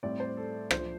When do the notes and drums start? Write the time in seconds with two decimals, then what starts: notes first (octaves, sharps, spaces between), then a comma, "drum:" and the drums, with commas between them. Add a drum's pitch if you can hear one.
0.03 A2 G3 C4 D5
0.20 C5
0.37 A4
0.71 F3 D4 C5, drum: rim click